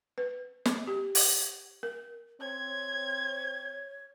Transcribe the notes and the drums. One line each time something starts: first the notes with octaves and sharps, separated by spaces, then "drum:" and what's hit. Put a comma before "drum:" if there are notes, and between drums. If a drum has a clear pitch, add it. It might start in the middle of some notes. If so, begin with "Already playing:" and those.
B4
drum: snare
G4
drum: open hi-hat
A#4
C4 C#5 G#6